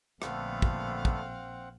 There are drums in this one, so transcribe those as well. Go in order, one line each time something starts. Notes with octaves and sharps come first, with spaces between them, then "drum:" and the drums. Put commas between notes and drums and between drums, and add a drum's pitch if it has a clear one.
A#1 D3 A3 B3 C4 F5 F#5, drum: rim click
drum: kick
drum: kick